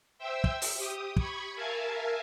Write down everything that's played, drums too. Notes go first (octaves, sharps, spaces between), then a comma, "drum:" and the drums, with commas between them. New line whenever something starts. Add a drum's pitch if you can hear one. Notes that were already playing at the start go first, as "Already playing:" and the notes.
C5 E5 G5 E6
drum: kick
drum: open hi-hat
G4 D#6
B5 C#6 G#6, drum: kick
A#4 E5 F5 G#5 A5